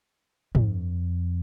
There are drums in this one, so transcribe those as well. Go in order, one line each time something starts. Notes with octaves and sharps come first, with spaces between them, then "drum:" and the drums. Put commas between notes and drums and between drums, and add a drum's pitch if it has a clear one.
F2, drum: tom